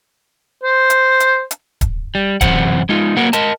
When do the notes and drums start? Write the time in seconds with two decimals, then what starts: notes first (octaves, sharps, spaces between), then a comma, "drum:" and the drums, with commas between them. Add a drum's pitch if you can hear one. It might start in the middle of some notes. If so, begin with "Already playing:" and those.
0.63 C5
0.90 drum: hi-hat
1.20 drum: hi-hat
1.51 drum: hi-hat
1.81 drum: kick D1, hi-hat
2.15 G3
2.41 F#2 C3 E3 C5 F#5, drum: kick D1, hi-hat
2.89 G#3 D#4 F4
3.17 F#3 A#3 A#4 F#5
3.33 A#4 D#5 A5, drum: hi-hat